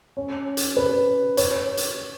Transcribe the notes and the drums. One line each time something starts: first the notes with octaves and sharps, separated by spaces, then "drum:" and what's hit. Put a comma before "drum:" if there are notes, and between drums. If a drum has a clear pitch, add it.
C#4
drum: hi-hat
B4
C#5, drum: hi-hat
drum: hi-hat